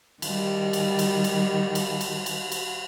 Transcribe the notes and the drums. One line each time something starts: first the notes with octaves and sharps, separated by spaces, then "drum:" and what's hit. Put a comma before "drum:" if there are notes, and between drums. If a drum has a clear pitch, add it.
D#3 G3, drum: cymbal
drum: cymbal
drum: cymbal
drum: cymbal
drum: cymbal
drum: cymbal
drum: cymbal
drum: cymbal